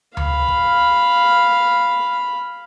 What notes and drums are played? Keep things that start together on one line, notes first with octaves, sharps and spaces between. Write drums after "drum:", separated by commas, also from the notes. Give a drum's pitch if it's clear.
F5 B5, drum: tom D2
drum: kick